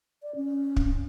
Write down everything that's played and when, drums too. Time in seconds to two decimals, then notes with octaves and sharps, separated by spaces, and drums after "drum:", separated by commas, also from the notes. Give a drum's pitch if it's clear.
0.23 D5
0.36 C#4
0.76 drum: kick
0.90 C#4